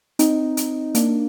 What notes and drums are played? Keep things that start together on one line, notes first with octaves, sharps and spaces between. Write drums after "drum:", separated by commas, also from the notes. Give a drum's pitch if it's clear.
C4 D#4, drum: hi-hat
drum: hi-hat
A#3 D4, drum: hi-hat